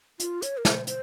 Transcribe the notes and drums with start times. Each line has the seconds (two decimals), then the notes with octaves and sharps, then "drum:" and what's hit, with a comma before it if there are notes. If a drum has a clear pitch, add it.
0.20 F4, drum: hi-hat
0.42 C#5, drum: hi-hat
0.57 A#4
0.65 C5, drum: snare
0.87 C5, drum: hi-hat